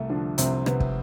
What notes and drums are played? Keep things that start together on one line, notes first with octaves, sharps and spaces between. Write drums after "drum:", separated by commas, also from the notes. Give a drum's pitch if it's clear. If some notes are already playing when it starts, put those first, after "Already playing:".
Already playing: C2 A3
D3 F3 D4
C2 C3 C4, drum: hi-hat
C3 B3, drum: rim click
drum: kick